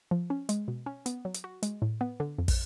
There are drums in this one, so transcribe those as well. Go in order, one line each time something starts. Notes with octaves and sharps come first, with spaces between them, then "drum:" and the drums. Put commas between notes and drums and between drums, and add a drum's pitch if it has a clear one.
F3
C#4
G#3, drum: hi-hat
B2
C#4
B3, drum: hi-hat
F#3
drum: hi-hat
F#4
G#3, drum: hi-hat
A2
B3
D3
F2
drum: kick, open hi-hat